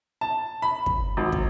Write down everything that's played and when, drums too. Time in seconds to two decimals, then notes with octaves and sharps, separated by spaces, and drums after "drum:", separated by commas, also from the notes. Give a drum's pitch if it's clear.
0.21 A5
0.62 B5
0.86 drum: kick
1.17 G#1
1.32 drum: kick